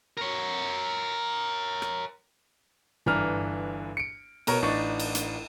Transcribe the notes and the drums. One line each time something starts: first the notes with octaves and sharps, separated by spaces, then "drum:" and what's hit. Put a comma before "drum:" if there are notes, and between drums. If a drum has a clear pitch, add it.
A#4 C#5
drum: rim click
G1 E3 D4 A#5 F6, drum: tom
C#7 D7
B2 A#4 C#5, drum: cymbal
A1 D4 D#4 C#6 A6
drum: cymbal
drum: hi-hat